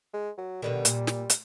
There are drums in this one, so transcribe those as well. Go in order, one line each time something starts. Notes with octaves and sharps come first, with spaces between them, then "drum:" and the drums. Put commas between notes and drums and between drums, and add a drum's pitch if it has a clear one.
G#3
F#3
B2 D3 D#3 G3
A#2, drum: hi-hat
drum: snare
drum: hi-hat